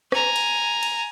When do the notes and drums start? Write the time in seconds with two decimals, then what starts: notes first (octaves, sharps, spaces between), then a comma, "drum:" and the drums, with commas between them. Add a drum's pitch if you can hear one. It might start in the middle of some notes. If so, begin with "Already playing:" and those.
0.12 G#5 A#5, drum: rim click
0.36 drum: cymbal
0.83 drum: cymbal